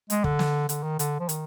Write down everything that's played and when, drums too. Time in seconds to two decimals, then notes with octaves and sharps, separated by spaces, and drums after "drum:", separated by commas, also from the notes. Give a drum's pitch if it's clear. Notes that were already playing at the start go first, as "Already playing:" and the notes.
0.10 G#3, drum: hi-hat
0.24 D3, drum: kick
0.39 drum: snare
0.69 D3, drum: hi-hat
0.83 D#3
0.99 D3, drum: hi-hat
1.20 F3
1.29 D#3, drum: hi-hat